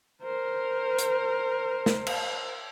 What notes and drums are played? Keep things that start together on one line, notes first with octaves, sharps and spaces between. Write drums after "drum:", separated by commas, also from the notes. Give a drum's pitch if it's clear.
A#4 C5
drum: hi-hat
drum: snare
drum: cymbal